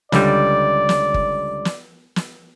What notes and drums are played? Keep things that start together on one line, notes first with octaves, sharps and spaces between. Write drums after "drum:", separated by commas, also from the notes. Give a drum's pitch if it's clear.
C#2 D3 G3 D5, drum: snare
drum: snare
drum: kick G1
drum: snare
drum: snare